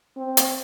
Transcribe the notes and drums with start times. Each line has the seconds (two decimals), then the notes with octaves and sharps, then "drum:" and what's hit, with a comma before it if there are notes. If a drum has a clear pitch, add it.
0.17 C4
0.37 drum: hi-hat